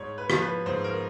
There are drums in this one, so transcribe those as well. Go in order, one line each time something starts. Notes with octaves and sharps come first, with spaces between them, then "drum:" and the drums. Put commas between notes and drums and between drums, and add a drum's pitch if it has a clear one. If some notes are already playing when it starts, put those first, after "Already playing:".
Already playing: G#2 C#5
B4
F3, drum: rim click
B4
G#2 C5
A#4